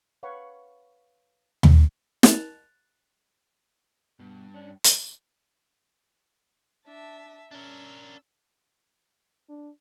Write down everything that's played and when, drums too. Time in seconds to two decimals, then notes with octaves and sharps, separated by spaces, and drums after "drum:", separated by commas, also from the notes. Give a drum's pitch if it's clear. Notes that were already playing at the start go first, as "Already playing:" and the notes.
0.23 B4 C#5 F5 F#5 B5 C#6
1.63 drum: tom D#2
2.23 F#6 A6 E7 F7, drum: snare
4.20 G2 B2
4.54 C#4 D4
4.84 drum: hi-hat
6.86 D4 E5 A5
7.51 C#4 D4 A#4 E6
9.49 D4